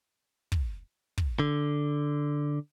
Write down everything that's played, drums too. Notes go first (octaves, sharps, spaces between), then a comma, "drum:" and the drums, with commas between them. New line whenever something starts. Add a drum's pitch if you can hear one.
drum: kick
drum: kick
D3